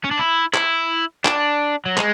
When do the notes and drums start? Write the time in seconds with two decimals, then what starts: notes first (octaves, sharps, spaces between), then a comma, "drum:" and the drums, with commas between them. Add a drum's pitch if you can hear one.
0.04 C#4
0.11 D4
0.19 E4
0.54 E4, drum: clap
1.25 D4, drum: clap
1.86 F#3
1.97 G#3, drum: clap